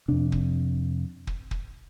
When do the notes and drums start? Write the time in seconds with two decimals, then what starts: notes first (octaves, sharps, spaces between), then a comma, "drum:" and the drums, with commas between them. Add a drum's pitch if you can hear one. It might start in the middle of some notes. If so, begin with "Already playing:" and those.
0.08 F2 C3 D4
0.32 drum: kick
1.27 drum: kick
1.51 drum: kick